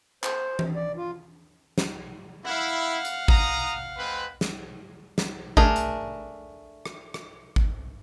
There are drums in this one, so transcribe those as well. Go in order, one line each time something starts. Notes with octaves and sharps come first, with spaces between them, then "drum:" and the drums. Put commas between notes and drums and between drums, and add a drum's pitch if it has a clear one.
C5, drum: clap
drum: tom E3
D5
F4
drum: snare
E4 F5 F#5
drum: hi-hat
A#5 D#6, drum: kick G#1
G#3 C4 B4
drum: snare
drum: snare
A3 D4 G#4 A#4, drum: kick G#1
drum: hi-hat
drum: rim click
drum: rim click
drum: kick G#1